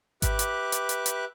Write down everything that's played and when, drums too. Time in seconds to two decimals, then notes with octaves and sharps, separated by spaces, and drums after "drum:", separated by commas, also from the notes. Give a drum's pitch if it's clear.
0.22 G4 B4 E5 D6 F#6, drum: kick G#1, hi-hat
0.39 drum: hi-hat
0.72 drum: hi-hat
0.89 drum: hi-hat
1.06 drum: hi-hat